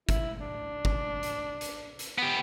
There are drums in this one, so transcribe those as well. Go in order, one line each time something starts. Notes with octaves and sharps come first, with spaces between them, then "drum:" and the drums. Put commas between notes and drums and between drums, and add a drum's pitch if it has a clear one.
E4, drum: kick G1, hi-hat
D4
drum: kick G1
drum: hi-hat
drum: hi-hat
drum: hi-hat
B3 G4